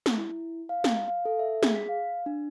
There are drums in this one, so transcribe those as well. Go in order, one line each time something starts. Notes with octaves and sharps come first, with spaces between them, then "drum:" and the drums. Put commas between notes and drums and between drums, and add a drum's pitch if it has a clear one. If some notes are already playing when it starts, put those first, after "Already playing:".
drum: snare
E4
F5
drum: snare
F5
A4
E5
G#4, drum: snare
B6
F5
D4